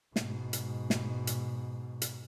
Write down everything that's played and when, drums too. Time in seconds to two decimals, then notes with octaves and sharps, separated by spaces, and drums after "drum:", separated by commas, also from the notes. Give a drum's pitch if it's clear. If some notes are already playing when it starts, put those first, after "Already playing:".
0.16 G#2 B2, drum: snare
0.53 drum: hi-hat
0.90 drum: snare
1.27 drum: hi-hat
2.02 drum: hi-hat